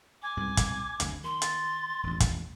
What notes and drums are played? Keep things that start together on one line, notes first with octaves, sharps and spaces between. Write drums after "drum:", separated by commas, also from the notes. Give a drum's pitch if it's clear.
G#5 D6
C2 G#2 B2
drum: kick, hi-hat
F#1 D2 C3, drum: hi-hat
D#3 C6
A6, drum: hi-hat
E1 A1
drum: kick, hi-hat